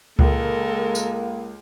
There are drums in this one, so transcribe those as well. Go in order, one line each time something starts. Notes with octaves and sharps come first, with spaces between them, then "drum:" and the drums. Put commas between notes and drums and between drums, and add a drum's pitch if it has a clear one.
C#2 G#3 A#3 A4 A#4, drum: kick C#2
drum: tambourine